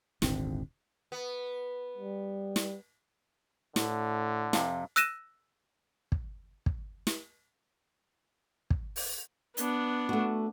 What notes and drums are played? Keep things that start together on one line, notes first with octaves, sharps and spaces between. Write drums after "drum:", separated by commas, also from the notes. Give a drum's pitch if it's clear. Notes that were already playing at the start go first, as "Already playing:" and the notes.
D#1 G#1 D3 C4, drum: snare
B3
G3
drum: snare
A2 D3, drum: snare
F2 C3, drum: snare
E6 F#6 A#6 D#7 E7, drum: hi-hat
drum: kick
drum: kick
drum: snare
drum: kick
drum: open hi-hat
B3 D4, drum: hi-hat
A3 F#4